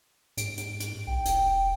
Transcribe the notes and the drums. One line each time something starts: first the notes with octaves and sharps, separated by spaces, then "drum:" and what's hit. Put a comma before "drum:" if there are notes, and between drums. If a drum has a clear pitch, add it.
G#2 D7, drum: hi-hat
drum: hi-hat
drum: hi-hat
B1 G5
E1, drum: hi-hat